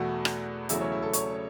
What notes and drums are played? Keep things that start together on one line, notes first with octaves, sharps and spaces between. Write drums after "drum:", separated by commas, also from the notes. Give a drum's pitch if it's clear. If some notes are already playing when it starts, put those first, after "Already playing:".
Already playing: E2 B2 A3 F#4
drum: rim click
E2 C#3 F#3 A3 E4, drum: hi-hat
C#4
E4
A4
C#5, drum: hi-hat